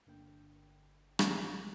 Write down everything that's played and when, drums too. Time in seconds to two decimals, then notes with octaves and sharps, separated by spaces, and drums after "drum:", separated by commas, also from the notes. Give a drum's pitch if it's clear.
0.07 G1 D3 A#3 G5
1.19 drum: rim click